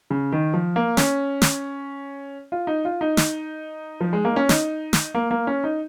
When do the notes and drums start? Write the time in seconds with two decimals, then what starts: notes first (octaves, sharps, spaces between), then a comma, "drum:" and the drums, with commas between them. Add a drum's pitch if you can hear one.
0.10 C#3
0.32 D#3
0.54 F3
0.76 A#3
0.97 C#4, drum: snare
1.42 drum: snare
2.52 F4
2.67 D#4
2.85 F4
3.01 D#4
3.17 drum: snare
4.01 F3
4.13 G#3
4.25 A#3
4.36 C#4
4.49 D#4, drum: snare
4.93 drum: snare
5.15 A#3
5.31 A#3
5.47 C#4
5.64 D#4